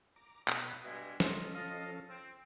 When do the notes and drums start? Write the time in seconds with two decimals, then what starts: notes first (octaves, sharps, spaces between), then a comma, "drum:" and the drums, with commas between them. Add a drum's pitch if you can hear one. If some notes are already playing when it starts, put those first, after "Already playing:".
0.16 A#5 D6
0.48 B2 D#4 B4, drum: clap
0.84 G2 B2 G#3 E5
1.20 F3 C#4 F4 A4 D#5, drum: snare
1.55 D#5 F5 A5
2.09 C4